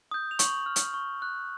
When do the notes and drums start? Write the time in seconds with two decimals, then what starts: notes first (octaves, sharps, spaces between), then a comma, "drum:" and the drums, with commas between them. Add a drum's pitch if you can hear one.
0.11 D#6 G6
0.31 F7
0.39 C#6 F#7, drum: hi-hat
0.66 F6
0.76 drum: hi-hat
0.94 C#6
1.22 F#6